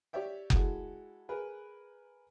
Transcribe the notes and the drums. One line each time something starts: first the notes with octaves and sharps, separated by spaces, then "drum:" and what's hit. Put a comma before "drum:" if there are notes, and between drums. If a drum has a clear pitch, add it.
G4 C#5 D5 E5 G5
G#3 E4 F#4 A4, drum: kick F#1
G#4 A#4 B4